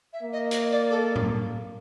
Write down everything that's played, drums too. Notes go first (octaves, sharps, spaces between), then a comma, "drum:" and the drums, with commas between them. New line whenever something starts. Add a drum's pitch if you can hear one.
E5
A#3
D#5
D#5, drum: hi-hat
D5
A4
drum: tom